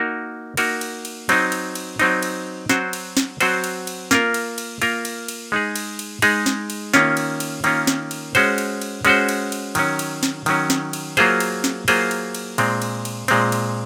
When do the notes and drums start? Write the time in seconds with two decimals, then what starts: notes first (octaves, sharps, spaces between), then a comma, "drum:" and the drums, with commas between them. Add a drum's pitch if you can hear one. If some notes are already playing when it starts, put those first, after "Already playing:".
Already playing: A#3 D#4 F#4 A#4
0.57 A#3 D#4 F#4 A#4, drum: cymbal
0.81 drum: cymbal
1.05 drum: cymbal
1.29 F#3 C4 D#4, drum: cymbal
1.52 drum: cymbal
1.75 drum: cymbal
1.99 F#3 C4 D#4, drum: cymbal
2.23 drum: cymbal
2.69 F#3 C4 F#4 C5, drum: snare
2.93 drum: cymbal
3.17 drum: snare
3.40 F#3 C4 F#4 C5, drum: cymbal
3.64 drum: cymbal
3.87 drum: cymbal
4.11 A#3 F4 A#4, drum: snare
4.34 drum: cymbal
4.58 drum: cymbal
4.82 A#3 F4 A#4, drum: cymbal
5.05 drum: cymbal
5.28 drum: cymbal
5.52 G#3 D#4 G#4
5.76 drum: cymbal
5.99 drum: cymbal
6.22 G#3 D#4 G#4, drum: cymbal
6.46 drum: snare
6.70 drum: cymbal
6.94 D#3 A#3 C#4 F4, drum: snare
7.17 drum: cymbal
7.40 drum: cymbal
7.64 D#3 A#3 C#4 F4, drum: cymbal
7.87 drum: snare
8.11 drum: cymbal
8.35 G#3 C#4 F#4 C5, drum: cymbal
8.58 drum: cymbal
8.82 drum: cymbal
9.05 G#3 C#4 F#4 C5, drum: cymbal
9.29 drum: cymbal
9.52 drum: cymbal
9.75 D#3 F#3 C#4, drum: cymbal
9.99 drum: cymbal
10.23 drum: snare
10.46 D#3 F#3 C#4, drum: cymbal
10.70 drum: snare
10.93 drum: cymbal
11.17 F#3 A#3 F4 G#4 C5, drum: cymbal
11.40 drum: cymbal
11.64 drum: snare
11.88 F#3 A#3 F4 G#4 C5, drum: cymbal
12.11 drum: cymbal
12.35 drum: cymbal
12.58 A#2 G#3 C4, drum: cymbal
12.82 drum: cymbal
13.05 drum: cymbal
13.28 A#2 G#3 C4, drum: cymbal
13.52 drum: cymbal